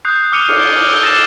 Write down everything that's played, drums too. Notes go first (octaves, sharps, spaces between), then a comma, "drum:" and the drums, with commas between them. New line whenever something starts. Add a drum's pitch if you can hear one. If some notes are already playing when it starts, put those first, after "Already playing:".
D#6 F#6 G6 C7
D6 F6 C#7 D#7 F7 G7
C#7, drum: cymbal
E6 G6 D#7
D#6 A6 A#6 C7 E7